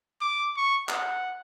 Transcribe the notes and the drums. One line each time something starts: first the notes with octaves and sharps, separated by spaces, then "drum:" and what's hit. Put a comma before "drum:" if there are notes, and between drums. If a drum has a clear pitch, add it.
D6
C#6
F#5, drum: clap